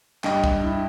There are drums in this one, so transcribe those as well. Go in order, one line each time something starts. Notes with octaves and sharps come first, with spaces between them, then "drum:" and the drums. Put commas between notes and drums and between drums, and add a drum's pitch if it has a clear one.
G2 D#5 G5, drum: clap
drum: kick
E4